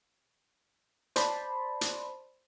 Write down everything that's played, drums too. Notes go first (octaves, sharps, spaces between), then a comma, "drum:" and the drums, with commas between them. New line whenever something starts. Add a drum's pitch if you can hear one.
C5 D5 A5 B5 C6, drum: hi-hat
drum: hi-hat